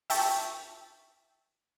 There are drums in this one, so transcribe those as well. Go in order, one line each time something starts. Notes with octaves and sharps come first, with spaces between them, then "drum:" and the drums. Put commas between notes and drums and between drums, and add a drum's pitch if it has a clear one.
E5 G5 A5 C#6, drum: open hi-hat